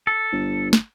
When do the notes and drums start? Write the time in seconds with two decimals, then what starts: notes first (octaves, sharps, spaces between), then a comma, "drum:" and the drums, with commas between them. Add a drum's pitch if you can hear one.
0.07 A4
0.32 G1
0.73 drum: snare